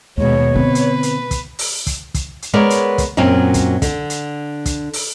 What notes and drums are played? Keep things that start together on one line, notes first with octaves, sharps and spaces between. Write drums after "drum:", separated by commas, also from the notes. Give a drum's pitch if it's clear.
D#2 B2 G#3 C#5
D3 B3 C4 B4
drum: hi-hat
drum: hi-hat
drum: kick, hi-hat
drum: open hi-hat
drum: kick, hi-hat
drum: kick, hi-hat
drum: hi-hat
G#3 B3 A#4 C#5 D5
drum: hi-hat
drum: kick, hi-hat
F#2 A#2 F#3 C4 C#4
drum: kick, hi-hat
D3, drum: kick, hi-hat
drum: hi-hat
drum: kick, hi-hat
drum: open hi-hat